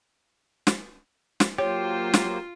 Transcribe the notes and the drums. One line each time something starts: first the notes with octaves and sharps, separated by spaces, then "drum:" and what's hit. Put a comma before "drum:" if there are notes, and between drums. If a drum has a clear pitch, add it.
drum: snare
drum: snare
F#3 A#3 F4 G4 C5 C#5
drum: snare